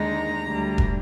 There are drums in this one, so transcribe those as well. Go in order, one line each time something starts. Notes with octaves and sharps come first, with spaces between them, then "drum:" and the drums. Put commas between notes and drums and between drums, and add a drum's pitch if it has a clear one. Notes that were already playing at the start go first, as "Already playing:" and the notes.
Already playing: D#2 D3 G#3 D#4 A#5
D2 D3 G3
drum: kick E1